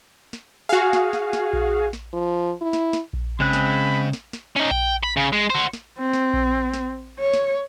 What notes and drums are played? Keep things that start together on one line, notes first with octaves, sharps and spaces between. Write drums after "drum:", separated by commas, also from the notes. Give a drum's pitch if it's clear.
drum: snare
F#4 G#4 F5
drum: snare
drum: snare
drum: snare
drum: kick A#1
drum: snare
F3
E4
drum: snare
drum: snare
drum: kick A#1
C#3 G#3 C4 B5 F#6
drum: snare
drum: snare
drum: snare
C#4 D#4
G5, drum: kick A#1
B5
C#3
G#3
F#4 C5
drum: snare
C4
drum: snare
drum: kick A#1
drum: snare
C#5
drum: snare